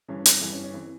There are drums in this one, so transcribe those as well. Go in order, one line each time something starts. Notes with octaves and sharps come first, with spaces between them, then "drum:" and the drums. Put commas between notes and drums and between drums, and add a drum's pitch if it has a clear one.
G2 E3 C#4
C4, drum: hi-hat
G2 E3
C#4
C#4
E3 C4